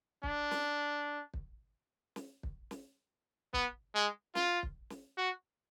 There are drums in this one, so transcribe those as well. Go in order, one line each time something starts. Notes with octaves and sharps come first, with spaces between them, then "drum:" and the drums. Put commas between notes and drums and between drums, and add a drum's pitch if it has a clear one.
D4, drum: kick
drum: snare
drum: kick
drum: snare
drum: kick
drum: snare
B3, drum: kick
G#3
F4, drum: snare
drum: kick
drum: snare
F#4